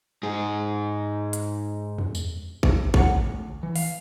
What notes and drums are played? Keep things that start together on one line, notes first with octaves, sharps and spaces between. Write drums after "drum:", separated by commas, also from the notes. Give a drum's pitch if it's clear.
G#2 G#4
drum: hi-hat
drum: tom E2
drum: tambourine
drum: kick A1
F#5, drum: kick A1
D2
E3
F5, drum: open hi-hat